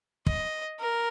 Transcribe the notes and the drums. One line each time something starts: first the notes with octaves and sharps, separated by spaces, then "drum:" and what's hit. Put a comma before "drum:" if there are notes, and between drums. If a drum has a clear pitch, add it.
D#5, drum: kick
A#4